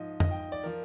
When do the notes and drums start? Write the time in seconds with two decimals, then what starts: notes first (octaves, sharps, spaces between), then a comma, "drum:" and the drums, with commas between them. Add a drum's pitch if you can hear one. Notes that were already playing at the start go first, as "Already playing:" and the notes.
Already playing: G#2 F3 D#5
0.20 D#5, drum: tom
0.31 G5
0.52 D5
0.63 F3 A#4